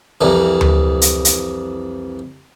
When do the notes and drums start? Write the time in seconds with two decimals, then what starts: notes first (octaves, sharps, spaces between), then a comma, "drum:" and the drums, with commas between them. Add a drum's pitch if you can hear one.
0.21 C2 F2 E3
0.61 drum: tom D2
1.02 drum: hi-hat
1.25 drum: hi-hat